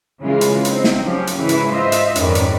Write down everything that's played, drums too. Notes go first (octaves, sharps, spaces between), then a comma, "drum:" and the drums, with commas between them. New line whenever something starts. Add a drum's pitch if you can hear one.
C#3 E3 G#3 F4
drum: hi-hat
C4 D#4, drum: hi-hat
drum: snare
F3 F#3 C#4 G4
drum: hi-hat
G#2 C#3 E3 E4 B4
drum: hi-hat
F4 C5 D#5 E5
drum: hi-hat
F2 G#2 D#3 C#4 B4 D5, drum: hi-hat
drum: hi-hat